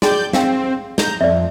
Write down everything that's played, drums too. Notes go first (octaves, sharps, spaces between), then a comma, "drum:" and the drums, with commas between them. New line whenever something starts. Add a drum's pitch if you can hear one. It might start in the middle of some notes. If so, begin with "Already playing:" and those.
F#4 G#4 D5 G5 G6, drum: snare
C4 F5 G5, drum: snare
A#5 G6, drum: snare
F2 D5 E5